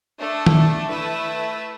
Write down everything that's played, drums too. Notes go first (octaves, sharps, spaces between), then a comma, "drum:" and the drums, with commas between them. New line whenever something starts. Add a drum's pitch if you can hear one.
A3 D4 A4
drum: tom D#3
A3 E4 B4 E5